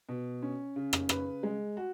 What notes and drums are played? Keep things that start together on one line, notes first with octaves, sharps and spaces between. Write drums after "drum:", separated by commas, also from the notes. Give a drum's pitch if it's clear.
B2
C#4
C#3
drum: rim click
B4, drum: rim click
G#3
F#4